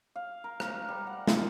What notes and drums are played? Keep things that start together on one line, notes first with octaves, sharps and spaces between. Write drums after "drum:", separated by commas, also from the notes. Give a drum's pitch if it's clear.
F5
A#4
A#4, drum: rim click
G3
F#5
drum: snare